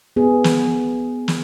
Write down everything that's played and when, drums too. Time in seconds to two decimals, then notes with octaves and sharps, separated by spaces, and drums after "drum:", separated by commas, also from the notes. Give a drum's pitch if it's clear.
0.16 B3 G#4
0.44 drum: snare
1.28 drum: snare